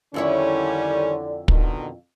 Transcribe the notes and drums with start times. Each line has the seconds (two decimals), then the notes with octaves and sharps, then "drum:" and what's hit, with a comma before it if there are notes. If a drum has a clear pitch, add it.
0.14 F2 D3 D#3 G3 C#4 E4 C#5
1.48 B2 D3 D#3, drum: kick